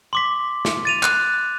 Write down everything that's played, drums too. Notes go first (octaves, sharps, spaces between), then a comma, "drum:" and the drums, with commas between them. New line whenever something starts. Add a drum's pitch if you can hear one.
C6 D6 B6
drum: snare
A6 D#7 F7
F#6, drum: clap